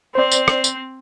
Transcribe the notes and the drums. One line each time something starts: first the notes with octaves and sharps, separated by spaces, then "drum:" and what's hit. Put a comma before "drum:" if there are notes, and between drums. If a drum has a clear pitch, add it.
C4 C5 D5
drum: tambourine
drum: rim click
drum: tambourine